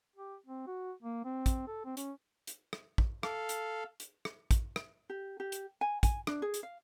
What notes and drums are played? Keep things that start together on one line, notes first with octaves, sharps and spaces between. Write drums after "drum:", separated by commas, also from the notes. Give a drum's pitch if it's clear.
G4
C4
F#4
A#3
C4
drum: kick, hi-hat
A4
C4
C#4, drum: hi-hat
drum: hi-hat
drum: rim click
drum: kick
A4 F5, drum: rim click
drum: hi-hat
drum: hi-hat
drum: rim click
drum: kick, hi-hat
drum: rim click
G4
G4
drum: hi-hat
G#5
G#5, drum: kick, hi-hat
D4, drum: rim click
G#4
drum: hi-hat
F5